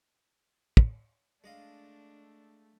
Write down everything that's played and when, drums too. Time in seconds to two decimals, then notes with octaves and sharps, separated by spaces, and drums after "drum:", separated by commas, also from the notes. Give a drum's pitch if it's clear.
0.77 drum: kick
1.44 G#3 A3 D4 D#5 F5